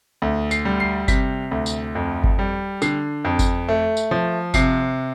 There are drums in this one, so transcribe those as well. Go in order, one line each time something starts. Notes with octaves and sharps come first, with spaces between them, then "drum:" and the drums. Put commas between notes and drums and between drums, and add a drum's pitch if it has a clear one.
D2
C7, drum: tambourine
G3
C7
C3 B6, drum: kick G1, tambourine
D2
drum: tambourine
F2
drum: kick G1
G3
D3 C7, drum: tambourine
F2
drum: kick G1, tambourine
A3
drum: tambourine
F3
C3 C7, drum: kick G1, tambourine